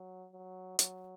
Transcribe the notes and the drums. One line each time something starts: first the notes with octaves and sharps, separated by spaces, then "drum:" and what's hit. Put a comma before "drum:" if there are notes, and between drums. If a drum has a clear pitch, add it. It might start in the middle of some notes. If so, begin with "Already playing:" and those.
Already playing: F#3
F#3
F#3, drum: hi-hat